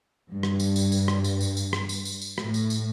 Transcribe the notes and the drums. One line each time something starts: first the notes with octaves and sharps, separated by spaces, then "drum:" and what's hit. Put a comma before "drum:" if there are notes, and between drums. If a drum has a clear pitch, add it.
G2
drum: rim click
drum: tambourine
drum: tambourine
drum: tambourine
drum: rim click
drum: tambourine
drum: tambourine
drum: tambourine
drum: rim click
drum: tambourine
drum: tambourine
drum: tambourine
A2, drum: rim click
drum: tambourine
drum: tambourine